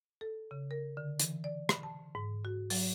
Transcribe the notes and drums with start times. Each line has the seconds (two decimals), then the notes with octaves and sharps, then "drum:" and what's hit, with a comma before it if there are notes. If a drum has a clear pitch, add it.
0.21 A4
0.51 C#3
0.71 A#4
0.97 D3
1.20 E3, drum: hi-hat
1.44 D5
1.69 B5, drum: rim click
1.83 A5
2.15 G#2
2.45 F#4
2.70 F#3, drum: open hi-hat